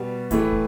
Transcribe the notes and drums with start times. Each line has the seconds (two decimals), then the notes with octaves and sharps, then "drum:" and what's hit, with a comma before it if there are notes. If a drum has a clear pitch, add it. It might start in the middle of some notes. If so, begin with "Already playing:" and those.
Already playing: B2 G3 B3
0.31 A2 E3 A3, drum: kick, hi-hat
0.52 drum: kick